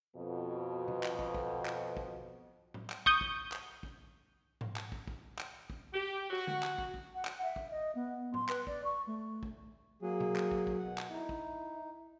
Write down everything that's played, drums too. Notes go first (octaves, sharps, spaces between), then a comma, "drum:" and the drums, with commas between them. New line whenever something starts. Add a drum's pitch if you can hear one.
F2 B2
drum: tom B2
drum: clap
drum: kick
drum: kick
drum: clap
drum: kick
drum: tom A2
drum: clap
C#6 D#6 G6, drum: kick
drum: kick
drum: clap
drum: kick
drum: tom G#2
drum: clap
drum: kick
drum: kick
drum: clap
drum: kick
G4
F#4
drum: tom D3
drum: clap
drum: kick
drum: kick
F#5
drum: clap
E5
drum: kick
D#5
B3
C6, drum: tom A2
B4, drum: clap
D5, drum: kick
C#6
A3
drum: kick
F#3 A#3 G#4
drum: tom B2
drum: clap
drum: kick
drum: kick
B2 F#5
drum: clap
D#4 E4
drum: kick